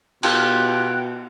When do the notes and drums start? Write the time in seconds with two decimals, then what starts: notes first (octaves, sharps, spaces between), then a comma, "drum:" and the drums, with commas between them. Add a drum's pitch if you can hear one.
0.23 B2 F4 G4 G5 F#6, drum: cymbal